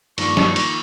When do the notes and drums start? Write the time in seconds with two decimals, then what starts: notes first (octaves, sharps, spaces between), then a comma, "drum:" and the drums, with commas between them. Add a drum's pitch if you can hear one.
0.18 G2 D#3 F3 A#3 C#6, drum: cymbal
0.37 drum: snare
0.56 drum: cymbal